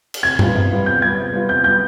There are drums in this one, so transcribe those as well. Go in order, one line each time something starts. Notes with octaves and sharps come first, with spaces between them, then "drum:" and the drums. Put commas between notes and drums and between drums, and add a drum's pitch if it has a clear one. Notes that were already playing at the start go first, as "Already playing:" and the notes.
drum: cymbal
C3 G#6
G3 B3 F4, drum: tom G2
C3
G3 B3 F4
C3 G6
G3 B3 F4 G#6
C3
G3 B3 F4
C3 G6
G3 B3 F4 G6